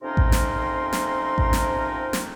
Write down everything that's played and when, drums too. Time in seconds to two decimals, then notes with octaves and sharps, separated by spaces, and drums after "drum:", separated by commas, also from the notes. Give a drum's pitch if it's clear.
0.02 F2 C3 C#4 D#4 A#4 C6
0.17 drum: kick A1
0.32 drum: snare
0.93 drum: snare
1.38 drum: kick A1
1.53 drum: snare
2.13 drum: snare